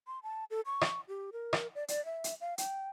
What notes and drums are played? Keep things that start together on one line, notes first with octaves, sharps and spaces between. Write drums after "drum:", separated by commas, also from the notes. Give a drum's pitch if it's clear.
C6
A5
A4
C#6
drum: rim click
G4
A#4
drum: rim click
D5
D5, drum: hi-hat
E5
drum: hi-hat
F5
G5, drum: hi-hat